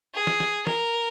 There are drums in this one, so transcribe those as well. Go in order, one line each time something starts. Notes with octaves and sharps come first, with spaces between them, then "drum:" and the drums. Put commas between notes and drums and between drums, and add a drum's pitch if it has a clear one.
G#4
drum: snare
drum: snare
A#4, drum: snare